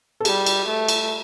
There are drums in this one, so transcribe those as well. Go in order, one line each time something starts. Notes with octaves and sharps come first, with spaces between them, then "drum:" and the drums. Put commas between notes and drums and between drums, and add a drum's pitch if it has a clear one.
A4
G3 G#4, drum: cymbal
drum: cymbal
A3
drum: cymbal